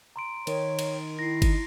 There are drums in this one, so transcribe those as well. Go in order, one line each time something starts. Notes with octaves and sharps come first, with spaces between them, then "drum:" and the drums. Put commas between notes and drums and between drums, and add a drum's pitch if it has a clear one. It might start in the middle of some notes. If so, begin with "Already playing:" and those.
A#5 C6 D7
D#3 C#5, drum: cymbal
drum: cymbal
E4 A#6 C7
drum: kick G1, cymbal